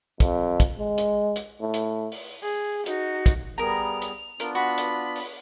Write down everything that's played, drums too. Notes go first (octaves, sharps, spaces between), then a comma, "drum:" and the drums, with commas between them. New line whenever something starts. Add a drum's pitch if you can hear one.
F2, drum: kick, hi-hat
drum: kick, hi-hat
G#3
drum: hi-hat
drum: hi-hat
A2
drum: hi-hat
drum: open hi-hat
G#4
D#4 F#4, drum: hi-hat
drum: kick, hi-hat
G3 B3 G#4 A#4 A#5 F7
drum: hi-hat
B3 D4 F4 A#4, drum: hi-hat
F#4 B5
drum: hi-hat
drum: open hi-hat